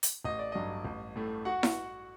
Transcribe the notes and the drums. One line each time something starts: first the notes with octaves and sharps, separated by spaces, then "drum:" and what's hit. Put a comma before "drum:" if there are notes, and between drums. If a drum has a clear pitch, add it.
drum: hi-hat
A1 D#5
D5
G2 F#3 D#5
A1
A2 A3
F#4 F#5
drum: snare E4